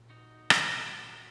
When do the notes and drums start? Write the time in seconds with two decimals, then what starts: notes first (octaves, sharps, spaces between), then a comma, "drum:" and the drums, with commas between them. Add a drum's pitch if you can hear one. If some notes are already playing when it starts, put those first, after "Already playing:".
Already playing: A#2
0.10 D#4 F#4
0.50 drum: rim click
0.86 F#4 A#4